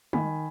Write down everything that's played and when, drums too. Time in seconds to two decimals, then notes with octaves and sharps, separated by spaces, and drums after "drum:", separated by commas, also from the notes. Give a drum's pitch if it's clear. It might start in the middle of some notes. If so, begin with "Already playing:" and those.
0.13 D#3 G#5 B5, drum: tom